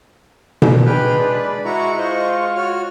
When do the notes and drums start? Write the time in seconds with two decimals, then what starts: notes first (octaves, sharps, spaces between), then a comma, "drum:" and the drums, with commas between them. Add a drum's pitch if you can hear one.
0.62 drum: tom B2
0.86 G#3 D4 G#4 B4 G5 F6
1.19 D5
1.65 G#3 E4 F#4 A#5 C#6
1.98 F4 C5 D#5
2.56 F#4 C#5 F6